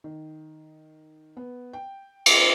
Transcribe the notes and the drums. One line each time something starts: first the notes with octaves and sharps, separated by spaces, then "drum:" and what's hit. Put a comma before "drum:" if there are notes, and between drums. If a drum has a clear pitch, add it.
D#3
B3
G5
drum: cymbal